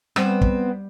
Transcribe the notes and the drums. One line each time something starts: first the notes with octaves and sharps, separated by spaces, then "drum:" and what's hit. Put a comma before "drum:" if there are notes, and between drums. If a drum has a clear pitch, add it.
G3 B3 C4, drum: rim click
drum: kick